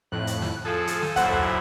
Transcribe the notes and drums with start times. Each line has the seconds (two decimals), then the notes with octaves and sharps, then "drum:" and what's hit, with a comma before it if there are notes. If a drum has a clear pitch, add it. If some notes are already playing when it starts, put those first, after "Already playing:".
0.12 F2 A2 F#6
0.27 drum: hi-hat
0.42 drum: snare
0.65 F3 G#4 A4
0.87 drum: hi-hat
1.02 drum: snare
1.16 F#2 A#2 E4 C5 F#5, drum: kick, hi-hat
1.32 drum: tom D2